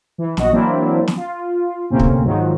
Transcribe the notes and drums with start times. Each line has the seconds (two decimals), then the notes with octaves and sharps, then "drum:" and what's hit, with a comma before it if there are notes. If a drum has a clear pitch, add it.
0.18 E3
0.37 A#1 F#4 D#5, drum: snare
0.52 E3 F#3 A#3 C4 D4 E4
1.08 drum: snare
1.17 F4
1.90 D2 A2 C3 A#3 C4 C#4
1.99 drum: kick
2.24 G#2 D#3 F3 F#3